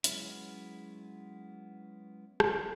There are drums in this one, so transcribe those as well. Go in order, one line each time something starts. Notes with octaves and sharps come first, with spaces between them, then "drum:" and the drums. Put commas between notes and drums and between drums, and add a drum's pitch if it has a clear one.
F#3 G#3 B3 C#4 E4, drum: hi-hat
drum: rim click